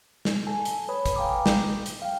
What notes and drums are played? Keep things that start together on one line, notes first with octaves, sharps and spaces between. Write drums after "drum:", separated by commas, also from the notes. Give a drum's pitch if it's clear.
drum: snare
A4 G#5 A5
drum: hi-hat
B4 C#5 B5 D#6
drum: kick, hi-hat
F5 G5 G#5 A#5 D6
G6, drum: snare
drum: hi-hat
F5 G5